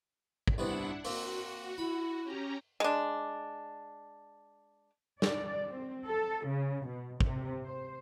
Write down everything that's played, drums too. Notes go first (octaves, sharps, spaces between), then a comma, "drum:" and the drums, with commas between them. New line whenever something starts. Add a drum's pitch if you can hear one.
drum: kick
C2 B3 C4 D4 E4 F#5
A#3 C4 F#4, drum: open hi-hat
E4 B5
C#4 G4 A#5
G#3 D4
D5, drum: snare
C4
A4
C#3
B2
C3, drum: kick
C5